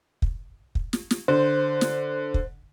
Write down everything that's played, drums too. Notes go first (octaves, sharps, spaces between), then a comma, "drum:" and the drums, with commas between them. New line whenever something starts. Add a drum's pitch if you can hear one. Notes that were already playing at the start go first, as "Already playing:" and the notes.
drum: kick
drum: kick
drum: snare
drum: snare
D3 C5
drum: snare
drum: kick